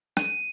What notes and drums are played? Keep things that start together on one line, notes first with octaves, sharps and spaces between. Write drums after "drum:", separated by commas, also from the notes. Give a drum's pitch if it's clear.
D#7, drum: rim click